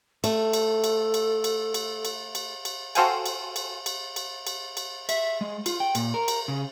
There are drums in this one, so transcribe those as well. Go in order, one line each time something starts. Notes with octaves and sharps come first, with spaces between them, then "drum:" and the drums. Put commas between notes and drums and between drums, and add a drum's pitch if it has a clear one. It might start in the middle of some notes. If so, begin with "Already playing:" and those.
A3 A4, drum: cymbal
drum: cymbal
drum: cymbal
drum: cymbal
drum: cymbal
drum: cymbal
drum: cymbal
drum: cymbal
drum: cymbal
F#4 A4 C5 F5 G5 G#5, drum: cymbal
drum: cymbal
drum: cymbal
drum: cymbal
drum: cymbal
drum: cymbal
drum: cymbal
E5, drum: cymbal
G#3
F4, drum: cymbal
G5
A#2, drum: cymbal
A#4
drum: cymbal
C#3